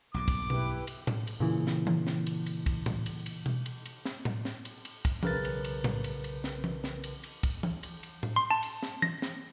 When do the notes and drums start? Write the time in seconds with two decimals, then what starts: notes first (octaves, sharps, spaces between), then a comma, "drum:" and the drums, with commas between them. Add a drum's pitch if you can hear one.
0.14 B1 G2 A#2 D6
0.28 drum: kick, cymbal
0.50 E4 G4 B4, drum: tom B2
0.87 drum: cymbal
1.07 drum: tom A2
1.27 drum: cymbal
1.40 A#2 C#3 E3
1.67 drum: snare
1.87 drum: tom E3
2.07 drum: snare
2.27 drum: cymbal
2.46 drum: cymbal
2.66 drum: kick, cymbal
2.86 drum: tom A2
3.06 drum: cymbal
3.26 drum: cymbal
3.46 drum: tom B2
3.66 drum: cymbal
3.86 drum: cymbal
4.05 drum: snare
4.25 drum: tom A2
4.45 drum: snare
4.65 drum: cymbal
4.85 drum: cymbal
5.05 drum: kick, cymbal
5.23 B1 C#3 A#4 B4 A6, drum: tom E3
5.45 drum: cymbal
5.64 drum: cymbal
5.84 drum: tom A2
6.04 drum: cymbal
6.24 drum: cymbal
6.44 drum: snare
6.64 drum: tom E3
6.84 drum: snare
7.04 drum: cymbal
7.24 drum: cymbal
7.43 drum: kick, cymbal
7.63 drum: tom E3
7.83 drum: cymbal
8.03 drum: cymbal
8.23 drum: tom A2
8.36 C6
8.51 A5
8.63 drum: cymbal
8.83 drum: snare
9.02 A#6, drum: tom E3
9.22 drum: snare